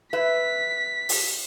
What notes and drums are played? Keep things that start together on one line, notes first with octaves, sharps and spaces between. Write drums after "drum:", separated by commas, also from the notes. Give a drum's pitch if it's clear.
B4 E5 B6
drum: open hi-hat